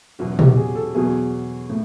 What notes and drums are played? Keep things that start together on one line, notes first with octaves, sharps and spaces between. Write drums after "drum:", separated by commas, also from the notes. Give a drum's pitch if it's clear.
E2 B2 F#3 F#4
G4, drum: tom
G#4
A4
E2 B2 F#3 G#4
A2